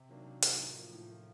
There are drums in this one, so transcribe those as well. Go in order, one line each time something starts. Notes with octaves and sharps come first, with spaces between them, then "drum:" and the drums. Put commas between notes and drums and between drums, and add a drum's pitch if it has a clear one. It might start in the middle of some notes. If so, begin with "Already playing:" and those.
Already playing: C3
D#3 F#3 A#3 D4
C3
D#3 F#3 A#3 D4, drum: hi-hat
A2
F3 A#3
A2
F3 A#3